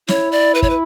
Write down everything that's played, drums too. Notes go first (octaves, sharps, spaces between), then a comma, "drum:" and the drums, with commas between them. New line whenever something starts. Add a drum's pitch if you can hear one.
E4 C#5, drum: snare
D5
B4
C#5, drum: kick
B4